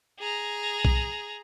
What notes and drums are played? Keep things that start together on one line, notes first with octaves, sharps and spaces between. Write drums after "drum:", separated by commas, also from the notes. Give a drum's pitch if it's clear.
G#4 A#5
drum: kick B1